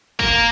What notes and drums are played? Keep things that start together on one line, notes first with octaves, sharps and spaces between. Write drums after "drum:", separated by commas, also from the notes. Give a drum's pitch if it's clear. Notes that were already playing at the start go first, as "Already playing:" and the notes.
A#3, drum: kick